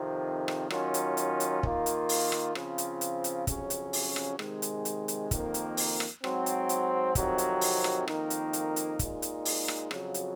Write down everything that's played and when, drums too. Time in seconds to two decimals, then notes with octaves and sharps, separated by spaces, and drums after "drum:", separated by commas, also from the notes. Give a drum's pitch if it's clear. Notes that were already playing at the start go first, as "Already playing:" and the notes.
Already playing: F2 C3 D#3
0.48 drum: rim click
0.70 D#3 F#3 C#4 F4, drum: rim click
0.94 drum: hi-hat
1.17 drum: hi-hat
1.40 drum: hi-hat
1.63 D#3 A#3 F4, drum: kick
1.86 drum: hi-hat
2.09 drum: open hi-hat
2.32 drum: rim click
2.55 C#3 F3 C4 F4, drum: rim click
2.78 drum: hi-hat
3.01 drum: hi-hat
3.24 drum: hi-hat
3.47 F2 C#3 F#3 C#4, drum: kick, hi-hat
3.70 drum: hi-hat
3.93 drum: open hi-hat
4.16 drum: rim click
4.39 C3 D#3 G#3, drum: rim click
4.62 drum: hi-hat
4.85 drum: hi-hat
5.08 drum: hi-hat
5.31 F2 D#3 A#3, drum: kick, hi-hat
5.54 drum: hi-hat
5.77 drum: open hi-hat
6.00 drum: rim click
6.24 G#2 F#3 C4, drum: rim click
6.46 drum: hi-hat
6.69 drum: hi-hat
7.15 F2 C3 D#3 F#3, drum: kick, hi-hat
7.38 drum: hi-hat
7.61 drum: open hi-hat
7.84 drum: rim click
8.08 F2 D#3 A#3 D#4, drum: rim click
8.30 drum: hi-hat
8.53 drum: hi-hat
8.76 drum: hi-hat
8.99 A#2 G#3 D#4, drum: kick, hi-hat
9.22 drum: hi-hat
9.45 drum: open hi-hat
9.68 drum: rim click
9.91 F2 C#3 F#3, drum: rim click
10.14 drum: hi-hat